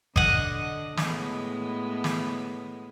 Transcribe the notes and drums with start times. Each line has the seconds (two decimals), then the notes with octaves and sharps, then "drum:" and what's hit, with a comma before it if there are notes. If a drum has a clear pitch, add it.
0.16 D3 D#5 F#5, drum: kick G#1
0.97 A2 G#3 B3, drum: snare
2.04 drum: snare